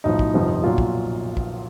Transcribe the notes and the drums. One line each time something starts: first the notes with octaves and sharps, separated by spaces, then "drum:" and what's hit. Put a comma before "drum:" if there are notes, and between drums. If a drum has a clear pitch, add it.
B1 A2 F3 D#4
drum: kick
G1 F2 C3 F3
B1 A#2 F#3 F4
drum: kick
drum: kick